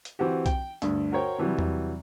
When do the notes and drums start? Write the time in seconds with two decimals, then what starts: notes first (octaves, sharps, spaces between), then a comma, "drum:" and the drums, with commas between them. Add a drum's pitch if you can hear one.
0.05 drum: hi-hat
0.19 E3 C4 F#4 G4
0.46 G5, drum: kick B1, hi-hat
0.82 D2 G2, drum: hi-hat
1.12 F#4 A#4 C5 C#5 G5
1.38 C3 E3 F#3 G3
1.59 drum: tom E2